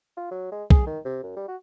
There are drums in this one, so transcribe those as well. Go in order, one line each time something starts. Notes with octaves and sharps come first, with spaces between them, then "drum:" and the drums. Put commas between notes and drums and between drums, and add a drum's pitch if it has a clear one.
F4
F#3
G#3
G#4, drum: kick
D#3
C3
F#2
G3
F#4